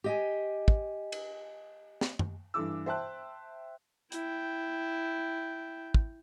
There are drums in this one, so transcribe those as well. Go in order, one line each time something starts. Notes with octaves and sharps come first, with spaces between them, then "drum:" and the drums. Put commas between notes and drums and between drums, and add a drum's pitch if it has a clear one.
G4 D#5 G#5
drum: kick
drum: cymbal
drum: snare
drum: tom F#2
G2 E3 A4 D6 E6
C5 E5 G5 A5 F#6
E4 G5, drum: hi-hat
drum: kick